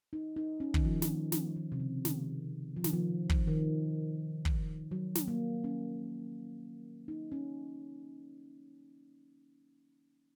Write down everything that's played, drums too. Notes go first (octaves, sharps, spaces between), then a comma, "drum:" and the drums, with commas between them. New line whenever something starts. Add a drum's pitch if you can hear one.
D#4
D#4
C#4
D#3, drum: kick
F3
F3, drum: snare
D#3
F3, drum: snare
D#3
C3
C#3
D#3, drum: snare
F3
D#3, drum: snare
F3
drum: kick
D#3
drum: kick
F#3
drum: snare
A#3
C#4
D#4
C#4